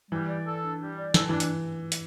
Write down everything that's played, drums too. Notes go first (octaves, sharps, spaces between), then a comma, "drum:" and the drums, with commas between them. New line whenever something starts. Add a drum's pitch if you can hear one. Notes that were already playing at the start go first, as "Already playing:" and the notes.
E3 G3
D5
A4
D4
G3
D5
E3 A4, drum: snare
E3 D4
drum: hi-hat
drum: hi-hat